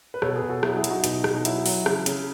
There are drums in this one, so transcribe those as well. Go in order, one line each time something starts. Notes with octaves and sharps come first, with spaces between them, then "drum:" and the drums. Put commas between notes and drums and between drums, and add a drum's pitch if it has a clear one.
B4
B2 A4 C#5, drum: rim click
G#4 B4
B2
F#4 A4
F#3 E4 G#4, drum: rim click
E4 G#4
F#3, drum: hi-hat
D#4 F#4
E4
B2 D#4, drum: hi-hat
B2, drum: rim click
D#4
F#3 E4, drum: hi-hat
F#3, drum: open hi-hat
C#3, drum: rim click
C#3, drum: hi-hat